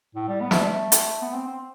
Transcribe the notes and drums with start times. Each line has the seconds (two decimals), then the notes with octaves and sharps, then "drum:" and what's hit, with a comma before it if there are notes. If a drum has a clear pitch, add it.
0.15 A2
0.28 G3
0.41 B3
0.51 A3, drum: snare
0.60 G3
0.68 A3
0.92 drum: hi-hat
1.22 B3
1.34 C4
1.47 C4